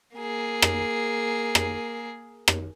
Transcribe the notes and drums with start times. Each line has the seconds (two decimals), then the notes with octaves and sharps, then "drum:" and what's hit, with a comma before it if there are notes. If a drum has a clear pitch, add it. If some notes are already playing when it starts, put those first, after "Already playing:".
0.16 A#3 G#4
0.62 drum: rim click
1.55 drum: rim click
2.48 drum: rim click